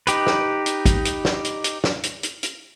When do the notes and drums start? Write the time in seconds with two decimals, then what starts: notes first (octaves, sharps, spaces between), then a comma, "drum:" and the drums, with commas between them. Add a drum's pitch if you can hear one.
0.07 D#4 G4 B4, drum: hi-hat
0.27 drum: snare
0.66 drum: hi-hat
0.86 drum: kick, hi-hat
1.05 drum: hi-hat
1.25 drum: snare
1.44 drum: hi-hat
1.64 drum: hi-hat
1.84 drum: snare
2.03 drum: hi-hat
2.23 drum: hi-hat
2.43 drum: hi-hat